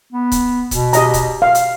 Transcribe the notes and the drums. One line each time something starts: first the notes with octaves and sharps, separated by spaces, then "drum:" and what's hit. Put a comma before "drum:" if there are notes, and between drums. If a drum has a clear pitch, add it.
B3
drum: kick C#1, hi-hat
B2, drum: kick C#1, hi-hat
G4 D#5 A#5, drum: hi-hat
drum: kick C#1, hi-hat
F5
drum: hi-hat